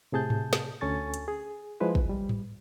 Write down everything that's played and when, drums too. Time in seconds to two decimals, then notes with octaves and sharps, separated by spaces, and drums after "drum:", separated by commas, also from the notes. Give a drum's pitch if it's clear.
0.12 A2 C3 G#4 A5 G6
0.30 drum: tom G#2
0.53 drum: snare
0.81 D2 C#4 A4 G#5 C#6 A6
1.14 drum: hi-hat
1.28 G#4
1.80 F3 G#3 E4 B4 C5
1.95 drum: kick
2.09 G3
2.29 drum: tom G#2